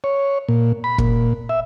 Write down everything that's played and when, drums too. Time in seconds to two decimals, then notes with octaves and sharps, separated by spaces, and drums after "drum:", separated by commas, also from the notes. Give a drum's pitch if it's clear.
0.04 C#5
0.49 A#2
0.84 B5
0.98 A#2, drum: kick
1.49 E5